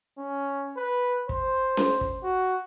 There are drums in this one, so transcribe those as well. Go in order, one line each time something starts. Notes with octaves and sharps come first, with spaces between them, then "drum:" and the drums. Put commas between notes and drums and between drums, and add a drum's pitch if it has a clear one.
C#4
B4
C5, drum: kick
drum: snare C#4
drum: kick
F#4